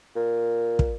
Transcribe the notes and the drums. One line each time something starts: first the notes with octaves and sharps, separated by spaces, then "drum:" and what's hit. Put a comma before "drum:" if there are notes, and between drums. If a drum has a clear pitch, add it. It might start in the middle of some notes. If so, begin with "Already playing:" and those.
A#2
drum: kick